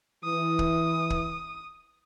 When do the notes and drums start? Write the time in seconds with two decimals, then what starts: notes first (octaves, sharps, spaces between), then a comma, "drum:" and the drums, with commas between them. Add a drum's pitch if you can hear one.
0.25 E3 D#6
0.59 drum: kick
1.10 drum: kick